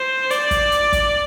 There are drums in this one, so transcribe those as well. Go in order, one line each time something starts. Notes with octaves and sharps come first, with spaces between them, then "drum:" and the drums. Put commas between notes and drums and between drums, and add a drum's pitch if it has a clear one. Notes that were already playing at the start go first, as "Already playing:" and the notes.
Already playing: C5
D5, drum: hi-hat
drum: kick, hi-hat
drum: hi-hat
drum: kick, hi-hat